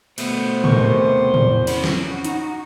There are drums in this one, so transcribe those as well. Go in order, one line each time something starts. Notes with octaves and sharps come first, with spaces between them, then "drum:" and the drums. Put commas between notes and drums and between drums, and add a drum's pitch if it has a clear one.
B2 A3 B3 C5, drum: cymbal
D#2 C3 A#4 C#6, drum: tom A2
E2, drum: tom A2
C#4 F#4 B5, drum: cymbal
drum: snare
D#4, drum: hi-hat